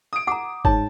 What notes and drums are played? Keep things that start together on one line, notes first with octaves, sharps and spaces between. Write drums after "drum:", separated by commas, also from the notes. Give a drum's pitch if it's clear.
D#6 D7
F#5 A#5 D6
G#2 C#5 A5, drum: kick F#1